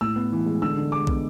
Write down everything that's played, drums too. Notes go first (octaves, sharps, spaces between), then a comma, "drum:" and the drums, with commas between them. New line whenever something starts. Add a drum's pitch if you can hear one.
A2 E6
B3
E3
G#3
D3 E6
D3
G#3 D6
B3, drum: kick